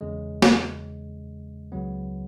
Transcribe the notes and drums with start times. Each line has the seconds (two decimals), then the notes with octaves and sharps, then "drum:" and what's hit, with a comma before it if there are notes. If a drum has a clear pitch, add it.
0.01 E2 C#3 G#3
0.42 drum: snare
1.72 C#2 C#3 F#3 B3